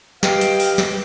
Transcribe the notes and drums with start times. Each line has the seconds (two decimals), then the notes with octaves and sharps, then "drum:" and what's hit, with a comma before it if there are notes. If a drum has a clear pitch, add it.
0.23 G4 B4 D#5 F5 G5, drum: snare
0.41 drum: hi-hat
0.60 drum: open hi-hat
0.78 drum: snare